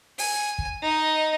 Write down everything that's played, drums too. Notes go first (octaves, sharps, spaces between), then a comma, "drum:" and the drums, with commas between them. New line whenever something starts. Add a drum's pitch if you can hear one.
G#5, drum: open hi-hat
drum: kick
D#4 D#5